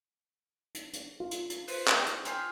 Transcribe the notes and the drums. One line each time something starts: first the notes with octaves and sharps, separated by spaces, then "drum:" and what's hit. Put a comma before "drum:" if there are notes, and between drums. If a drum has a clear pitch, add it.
drum: hi-hat
drum: hi-hat
F4
drum: hi-hat
drum: hi-hat
B4 C5, drum: open hi-hat
drum: clap
drum: hi-hat
F4 G4 G#4, drum: hi-hat